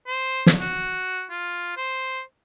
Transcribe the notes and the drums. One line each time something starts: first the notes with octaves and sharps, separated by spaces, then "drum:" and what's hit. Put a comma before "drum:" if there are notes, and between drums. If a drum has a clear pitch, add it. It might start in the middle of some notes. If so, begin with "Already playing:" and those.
C5
drum: snare
F#4
F4
C5